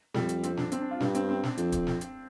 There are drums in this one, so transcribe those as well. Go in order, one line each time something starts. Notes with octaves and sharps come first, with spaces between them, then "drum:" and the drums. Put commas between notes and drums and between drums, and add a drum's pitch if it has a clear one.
F2 G3, drum: snare
drum: hi-hat
C4, drum: hi-hat
D4, drum: snare
C4, drum: hi-hat
D4
F4
G2 D4, drum: snare
C4, drum: hi-hat
C4
D4, drum: snare
F2, drum: hi-hat
drum: kick D1, hi-hat
drum: snare
drum: hi-hat